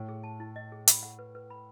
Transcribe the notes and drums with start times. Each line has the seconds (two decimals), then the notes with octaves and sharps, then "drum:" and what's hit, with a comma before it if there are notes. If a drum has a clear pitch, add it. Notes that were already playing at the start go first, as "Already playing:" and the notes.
Already playing: A2
0.09 G#4
0.23 A5
0.40 E4
0.56 D#5
0.72 G#4
0.88 B5, drum: hi-hat
1.03 F#5
1.19 B4
1.35 B4
1.50 B5